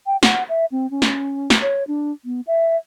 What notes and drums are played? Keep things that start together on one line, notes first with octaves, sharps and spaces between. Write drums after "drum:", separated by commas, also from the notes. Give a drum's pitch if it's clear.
G5
F#5, drum: snare
E5
C4
C#4
drum: snare
drum: snare
C#5
D4
B3
E5